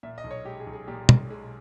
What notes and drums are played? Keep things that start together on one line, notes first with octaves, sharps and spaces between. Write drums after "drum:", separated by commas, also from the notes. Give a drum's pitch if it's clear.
A#2 E5
D#5
B1
C#5
G#3 G4
G#4
B1
G#4
A#2 G4
B1, drum: tom
G#3